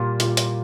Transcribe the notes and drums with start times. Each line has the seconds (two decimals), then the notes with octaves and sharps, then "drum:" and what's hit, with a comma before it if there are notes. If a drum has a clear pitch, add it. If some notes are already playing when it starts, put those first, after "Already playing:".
Already playing: A#2 G3 A#3 F4
0.20 A#2 G3 A#3 F4, drum: hi-hat
0.37 drum: hi-hat